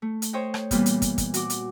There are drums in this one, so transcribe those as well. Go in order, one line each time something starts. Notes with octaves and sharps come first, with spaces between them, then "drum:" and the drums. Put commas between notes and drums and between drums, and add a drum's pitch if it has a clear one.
A3
drum: hi-hat
C5 C#5 D#5 G5
drum: rim click
A#2 E3 G3 B3 G6, drum: kick, hi-hat
drum: hi-hat
drum: kick, hi-hat
drum: kick, hi-hat
F#4 D6, drum: hi-hat
drum: hi-hat